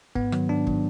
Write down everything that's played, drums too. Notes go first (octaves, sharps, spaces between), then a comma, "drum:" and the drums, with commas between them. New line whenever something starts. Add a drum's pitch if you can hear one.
G#2 B3, drum: kick
D#3 F#3, drum: rim click
G#2 D4
D#3 F#3, drum: kick